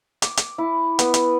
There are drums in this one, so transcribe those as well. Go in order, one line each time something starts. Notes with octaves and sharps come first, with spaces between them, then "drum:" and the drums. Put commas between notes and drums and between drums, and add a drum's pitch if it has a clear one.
D6, drum: hi-hat
drum: hi-hat
E4
B3, drum: hi-hat
drum: hi-hat